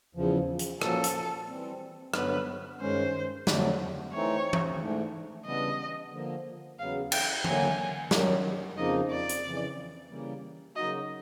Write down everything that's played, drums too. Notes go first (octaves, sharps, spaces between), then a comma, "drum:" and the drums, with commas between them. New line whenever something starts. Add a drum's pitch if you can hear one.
E2 C#3 F3
drum: hi-hat
A#2 F3 A#3 C#4 F#4 A4, drum: rim click
drum: hi-hat
E3 G3 C4
G2 D3 F#3 B3 B4, drum: rim click
G2 D#3 G#3 C#4 C5
F2 D3 F#3 A3, drum: snare
E3 A3 C4 D#4 C#5
drum: tom E3
G#2 E3 A3 D4
C#3 E3 G3 B3 D4 D#5
D3 F3 A#3
E2 C#3 F#3 B3 F5
G5, drum: cymbal
D3 F#3 A#3 G#5, drum: tom E3
F#2 D#3 F#3, drum: snare
F2 C#3 F3 A#3 D#4 D#5
D5
drum: hi-hat
F2 C#3 E3
C#3 E3 G3 A#3
C#3 F#3 A#3 D#4 F#4 D#5